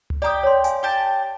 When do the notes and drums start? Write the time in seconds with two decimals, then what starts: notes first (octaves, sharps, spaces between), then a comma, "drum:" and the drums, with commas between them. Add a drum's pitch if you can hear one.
0.10 drum: tom C#2
0.22 G4 D5 G5 A#5 D#6
0.43 C#5 C6
0.64 F5 G#5, drum: hi-hat
0.83 G4 G5 A5